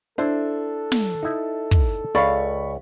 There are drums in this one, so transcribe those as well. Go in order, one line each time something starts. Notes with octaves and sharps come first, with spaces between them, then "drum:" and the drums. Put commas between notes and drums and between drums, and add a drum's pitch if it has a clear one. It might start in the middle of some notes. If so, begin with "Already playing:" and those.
D4 E4 A4 C5
drum: snare
D#4 E4
drum: kick
C#2 D5 F5 B5 C#6